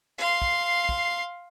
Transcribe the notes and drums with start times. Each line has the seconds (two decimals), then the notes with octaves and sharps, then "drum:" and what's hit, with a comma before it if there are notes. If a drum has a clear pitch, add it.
0.18 F5 C6
0.42 drum: kick
0.89 drum: kick